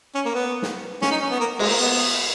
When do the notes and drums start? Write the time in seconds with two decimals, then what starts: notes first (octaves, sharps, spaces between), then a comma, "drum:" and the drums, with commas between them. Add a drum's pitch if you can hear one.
0.15 C#4
0.25 A#3
0.35 B3
0.62 drum: snare
1.02 C#4, drum: snare
1.11 D#4
1.21 C#4
1.30 B3
1.40 A#3
1.59 G#3, drum: cymbal
1.69 A#3
1.79 B3